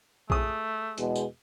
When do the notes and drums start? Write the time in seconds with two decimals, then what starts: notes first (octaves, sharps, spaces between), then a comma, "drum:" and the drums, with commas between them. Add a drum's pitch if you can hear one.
0.30 A3 G#4 D#6, drum: kick A#1
0.98 E2 B2 G#3, drum: hi-hat
1.16 drum: tambourine